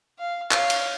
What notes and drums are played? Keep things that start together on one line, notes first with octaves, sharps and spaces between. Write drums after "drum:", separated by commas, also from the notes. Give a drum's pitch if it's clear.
F5
C#5 F5, drum: clap
drum: cymbal